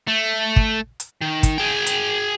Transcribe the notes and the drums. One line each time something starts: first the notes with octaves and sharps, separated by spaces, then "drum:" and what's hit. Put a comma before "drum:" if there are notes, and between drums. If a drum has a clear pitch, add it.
A3
drum: kick
drum: hi-hat
D#3
drum: kick, hi-hat
G#4 G5
drum: hi-hat